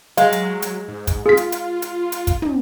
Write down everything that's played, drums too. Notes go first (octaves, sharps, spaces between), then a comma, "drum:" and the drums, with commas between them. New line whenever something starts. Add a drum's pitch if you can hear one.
F#3 G#3 F5, drum: hi-hat
drum: hi-hat
drum: hi-hat
G#2
drum: kick, hi-hat
F4 G#4 B6
drum: hi-hat
drum: hi-hat
drum: hi-hat
drum: hi-hat
drum: kick, hi-hat
drum: tom